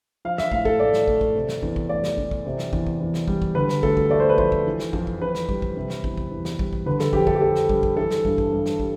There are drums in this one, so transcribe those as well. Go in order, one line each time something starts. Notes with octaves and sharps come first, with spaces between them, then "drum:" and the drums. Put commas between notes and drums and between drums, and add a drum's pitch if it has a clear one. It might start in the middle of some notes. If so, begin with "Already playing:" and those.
F3 F5
E5, drum: snare
A2 F5, drum: kick
A4, drum: kick
A2 D5
drum: snare
A3, drum: kick
drum: kick
C3
drum: snare
E2, drum: kick
drum: kick
A3 D5
drum: snare
E3, drum: kick
drum: kick
C3
drum: snare
E2, drum: kick
drum: kick
E2
drum: snare
G3, drum: kick
drum: kick
D3 B4
drum: snare
D2 A4, drum: kick
drum: kick
A3 D5
C5
B4
F3 C5, drum: kick
drum: kick
E3
drum: snare
F2, drum: kick
drum: kick
F2 B4
drum: snare
G3, drum: kick
drum: kick
C3
drum: snare
E2, drum: kick
drum: kick
E2
drum: snare
G3, drum: kick
drum: kick
D3 B4
A4, drum: snare
F2 G4, drum: kick
A4, drum: kick
G4
F2 A4
drum: snare
G3, drum: kick
drum: kick
E3 A4
drum: snare
G2, drum: kick
drum: kick
G2
drum: snare
G3, drum: kick